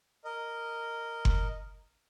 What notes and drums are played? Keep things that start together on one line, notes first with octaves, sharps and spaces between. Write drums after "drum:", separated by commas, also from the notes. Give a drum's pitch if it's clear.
A#4 D#5
drum: kick F#1